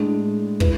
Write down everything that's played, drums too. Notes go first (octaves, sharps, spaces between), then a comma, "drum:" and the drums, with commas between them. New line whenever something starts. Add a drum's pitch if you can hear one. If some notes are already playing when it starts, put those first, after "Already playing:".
Already playing: A2 G#3 D4
E4 B4, drum: kick